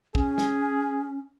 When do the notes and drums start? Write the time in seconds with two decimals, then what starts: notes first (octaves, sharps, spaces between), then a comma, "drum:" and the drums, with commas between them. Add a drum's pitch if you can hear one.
0.15 C#4 G#4, drum: kick
0.38 drum: snare